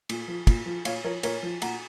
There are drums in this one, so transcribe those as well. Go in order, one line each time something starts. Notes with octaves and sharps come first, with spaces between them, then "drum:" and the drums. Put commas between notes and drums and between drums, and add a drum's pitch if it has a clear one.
A#2, drum: cymbal
F3
A#2, drum: kick, cymbal
F3
A#2 C#5 F5, drum: cymbal
F3 A#4 C#5
A#2 A#4 C#5, drum: cymbal
F3
A#2 F#5 A#5, drum: cymbal